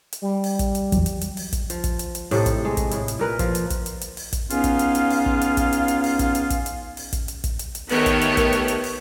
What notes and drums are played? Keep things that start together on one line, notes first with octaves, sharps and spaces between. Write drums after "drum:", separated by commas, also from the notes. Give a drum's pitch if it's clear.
drum: hi-hat
G3
drum: open hi-hat
drum: kick, hi-hat
drum: hi-hat
E2 F#3, drum: kick, hi-hat
drum: hi-hat
drum: hi-hat
drum: open hi-hat
drum: kick, hi-hat
F3, drum: hi-hat
drum: kick, hi-hat
drum: hi-hat
drum: hi-hat
A2 C3 D#4 A4, drum: open hi-hat
drum: kick, hi-hat
G#3
drum: kick, hi-hat
A2 E4, drum: hi-hat
drum: hi-hat
A#2 A#4 B4
F3, drum: kick, hi-hat
drum: hi-hat
drum: kick, hi-hat
drum: hi-hat
drum: hi-hat
drum: open hi-hat
drum: kick, hi-hat
C#2 B3 C#4 D#4 F4 F5, drum: hi-hat
drum: kick, hi-hat
drum: hi-hat
drum: hi-hat
drum: open hi-hat
drum: kick
drum: hi-hat
drum: kick, hi-hat
drum: hi-hat
drum: hi-hat
drum: open hi-hat
drum: kick, hi-hat
drum: hi-hat
drum: kick, hi-hat
drum: hi-hat
drum: open hi-hat
drum: kick, hi-hat
drum: hi-hat
drum: kick, hi-hat
drum: hi-hat
drum: hi-hat
D#3 A3 B3 G4 A4 C#5, drum: open hi-hat
drum: kick, hi-hat
drum: hi-hat
drum: kick, hi-hat
drum: hi-hat
drum: hi-hat
drum: open hi-hat